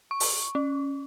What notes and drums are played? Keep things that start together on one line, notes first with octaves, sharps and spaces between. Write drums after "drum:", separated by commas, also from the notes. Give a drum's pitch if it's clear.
C#6
drum: open hi-hat
C#4